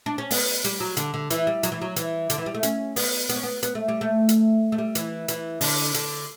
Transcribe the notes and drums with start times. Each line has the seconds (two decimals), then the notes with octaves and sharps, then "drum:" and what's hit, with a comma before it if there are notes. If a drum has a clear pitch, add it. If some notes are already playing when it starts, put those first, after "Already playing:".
0.06 D4
0.18 C#4
0.31 B3, drum: open hi-hat
0.64 G3, drum: hi-hat
0.80 F#3
0.97 D3, drum: hi-hat
1.14 D3
1.30 E3, drum: hi-hat
1.47 G3
1.63 F#3, drum: hi-hat
1.72 E3
1.82 F#3
1.96 E3, drum: hi-hat
2.30 D3, drum: hi-hat
2.38 E3
2.46 G3
2.55 A3
2.63 C#4, drum: hi-hat
2.96 B3, drum: open hi-hat
3.29 B3, drum: hi-hat
3.36 C#4
3.43 B3
3.63 B3, drum: hi-hat
3.75 A3
3.88 G3
4.01 A3
4.29 drum: hi-hat
4.72 A3
4.78 G3
4.95 E3, drum: hi-hat
5.28 E3, drum: hi-hat
5.61 D3, drum: open hi-hat
5.94 D3, drum: hi-hat